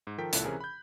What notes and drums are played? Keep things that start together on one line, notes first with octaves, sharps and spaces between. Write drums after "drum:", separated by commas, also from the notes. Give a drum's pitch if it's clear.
G#2
D#3 F3 A4 A#4 G5 B6
C#2 A#2 E4 A4 F#6, drum: hi-hat
C3 E3 C#4 G#4 A#4
B5 G6